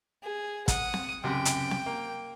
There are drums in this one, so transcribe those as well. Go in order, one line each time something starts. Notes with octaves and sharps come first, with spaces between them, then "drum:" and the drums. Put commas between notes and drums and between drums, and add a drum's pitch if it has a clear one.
G#4
F#5 D#6, drum: kick, hi-hat
drum: snare C4
C#2 F#2 C3 G5
drum: hi-hat
drum: snare C4
A#3